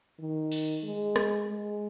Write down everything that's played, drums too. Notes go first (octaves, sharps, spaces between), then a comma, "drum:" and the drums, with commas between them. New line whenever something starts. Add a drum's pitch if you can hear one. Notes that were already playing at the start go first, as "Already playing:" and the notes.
D#3
drum: cymbal
G#3
drum: rim click
G#3